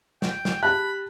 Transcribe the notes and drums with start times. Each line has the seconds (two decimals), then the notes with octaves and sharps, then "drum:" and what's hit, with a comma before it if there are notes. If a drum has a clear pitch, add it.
0.22 G5, drum: snare
0.45 drum: snare
0.63 G4 A5 B5 F#6